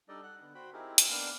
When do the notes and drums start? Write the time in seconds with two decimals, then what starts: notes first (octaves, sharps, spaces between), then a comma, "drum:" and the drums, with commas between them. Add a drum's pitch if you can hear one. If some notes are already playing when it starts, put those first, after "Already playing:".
0.08 G3 D4 D#4 A4 D5 D#5
0.23 F#5 F#6
0.41 D3 B3
0.55 F#4 C5 G5 B5
0.73 C4 D#4 E4 G4 G#4 A#4
0.98 drum: hi-hat
1.10 A#3 B3 D4 F5 G5